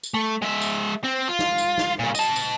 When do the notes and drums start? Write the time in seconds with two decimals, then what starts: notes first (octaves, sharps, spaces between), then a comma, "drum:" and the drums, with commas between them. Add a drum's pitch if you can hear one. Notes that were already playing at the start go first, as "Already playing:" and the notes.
0.03 drum: tambourine
0.14 A3
0.42 G#3 E5
0.61 drum: tambourine
1.04 C4
1.28 F4
1.39 drum: snare
1.58 drum: tambourine
1.78 drum: snare
1.99 A#2 C#3
2.15 D#5 A5, drum: tambourine
2.36 drum: tambourine